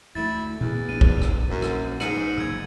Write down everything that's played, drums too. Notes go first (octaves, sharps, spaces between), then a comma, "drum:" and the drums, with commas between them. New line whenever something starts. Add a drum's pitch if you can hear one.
D2 A3 E4 A6
E2 A#2
A#1 E3 D4 D#7
drum: kick
drum: rim click
F#2
drum: rim click
G#2 C#7 D#7 F#7, drum: rim click
F#1 F2 B2 E6 G#6